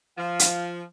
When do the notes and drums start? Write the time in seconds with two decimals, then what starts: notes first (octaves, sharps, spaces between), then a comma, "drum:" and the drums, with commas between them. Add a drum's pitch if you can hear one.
0.18 F3 F5
0.39 drum: hi-hat